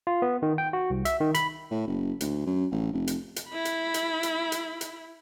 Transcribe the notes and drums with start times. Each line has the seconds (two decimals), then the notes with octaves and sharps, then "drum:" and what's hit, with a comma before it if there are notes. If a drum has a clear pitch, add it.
0.07 F4
0.22 B3
0.42 D#3
0.58 G5
0.73 F#4
0.90 C2
1.05 E5, drum: hi-hat
1.20 D#3
1.35 B5, drum: hi-hat
1.71 A2
1.87 F#1
2.21 D2, drum: hi-hat
2.46 F#2
2.71 A1
2.93 F1
3.07 drum: hi-hat
3.36 drum: hi-hat
3.49 E4 B5
3.65 drum: hi-hat
3.94 drum: hi-hat
4.23 drum: hi-hat
4.52 drum: hi-hat
4.81 drum: hi-hat